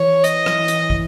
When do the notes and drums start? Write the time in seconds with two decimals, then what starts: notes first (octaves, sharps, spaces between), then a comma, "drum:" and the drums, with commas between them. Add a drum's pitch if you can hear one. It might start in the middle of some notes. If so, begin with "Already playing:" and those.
Already playing: E3 C#5
0.24 D#5, drum: hi-hat
0.46 drum: rim click
0.68 drum: hi-hat
0.90 drum: kick